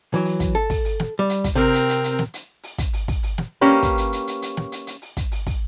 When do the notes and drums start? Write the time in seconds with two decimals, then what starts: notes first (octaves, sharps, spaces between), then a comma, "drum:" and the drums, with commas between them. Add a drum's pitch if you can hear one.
0.14 E3 F#3
0.25 drum: open hi-hat
0.40 drum: kick, hi-hat
0.55 A4
0.70 drum: kick, open hi-hat
0.85 drum: open hi-hat
1.00 drum: snare
1.19 G3
1.29 drum: hi-hat
1.44 drum: kick, hi-hat
1.55 C3 C4 A#4
1.74 drum: hi-hat
1.89 drum: hi-hat
2.04 drum: hi-hat
2.19 drum: snare
2.34 drum: hi-hat
2.63 drum: open hi-hat
2.78 drum: kick, hi-hat
2.93 drum: open hi-hat
3.08 drum: kick, open hi-hat
3.23 drum: open hi-hat
3.38 drum: snare
3.61 A#3 C#4 G4 B4
3.83 drum: kick, hi-hat
3.98 drum: hi-hat
4.12 drum: hi-hat
4.27 drum: hi-hat
4.42 drum: hi-hat
4.57 drum: snare
4.72 drum: hi-hat
4.87 drum: hi-hat
5.02 drum: open hi-hat
5.17 drum: kick, hi-hat
5.32 drum: open hi-hat
5.46 drum: kick, open hi-hat